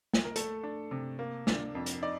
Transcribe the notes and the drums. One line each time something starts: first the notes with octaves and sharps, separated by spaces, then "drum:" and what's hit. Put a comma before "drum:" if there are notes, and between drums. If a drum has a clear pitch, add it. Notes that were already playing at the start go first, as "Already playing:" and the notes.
drum: snare
A#4
A3 A4, drum: hi-hat
D4
C3
A#3
D4, drum: snare
F2
drum: hi-hat
D#4 D5